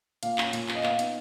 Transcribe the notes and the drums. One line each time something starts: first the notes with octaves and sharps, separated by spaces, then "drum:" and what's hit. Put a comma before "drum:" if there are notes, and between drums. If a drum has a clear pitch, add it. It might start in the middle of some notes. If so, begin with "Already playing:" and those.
A#2 F5, drum: hi-hat
C#4, drum: clap
A#2, drum: hi-hat
C#4, drum: clap
D#5
B3 F5, drum: clap
D#4, drum: hi-hat